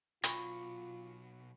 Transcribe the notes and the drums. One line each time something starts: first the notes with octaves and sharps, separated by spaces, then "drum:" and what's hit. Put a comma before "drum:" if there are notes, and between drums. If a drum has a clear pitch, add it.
B2 F#3 F4 B5 C#6, drum: hi-hat